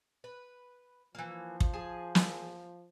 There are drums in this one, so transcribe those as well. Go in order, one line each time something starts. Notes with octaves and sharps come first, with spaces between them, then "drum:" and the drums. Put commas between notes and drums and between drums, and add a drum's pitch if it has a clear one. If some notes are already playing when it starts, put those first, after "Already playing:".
B4
E3 F3 A#3
drum: kick
G#4 G#5 A5
drum: snare